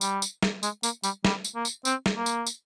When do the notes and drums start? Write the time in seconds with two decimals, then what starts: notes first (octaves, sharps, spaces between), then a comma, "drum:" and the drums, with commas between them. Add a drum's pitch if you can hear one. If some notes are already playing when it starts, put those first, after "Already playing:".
0.01 G3, drum: tambourine
0.22 drum: tambourine
0.43 drum: snare
0.63 G#3, drum: tambourine
0.83 A#3, drum: tambourine
1.03 G3, drum: tambourine
1.25 G3, drum: snare
1.45 drum: tambourine
1.55 A#3
1.65 drum: tambourine
1.85 C4, drum: tambourine
2.06 drum: snare
2.16 A#3
2.26 drum: tambourine
2.47 drum: tambourine